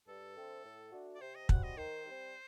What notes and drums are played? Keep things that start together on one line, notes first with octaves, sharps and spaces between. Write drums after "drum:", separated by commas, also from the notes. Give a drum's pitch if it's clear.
G2 A4
D3 A3 C4
A2
A3 D4 F#4
D5
C3 C5
D#5
G3 C4 F#4 F#5, drum: kick
D#5
D#3 C5
G3 C4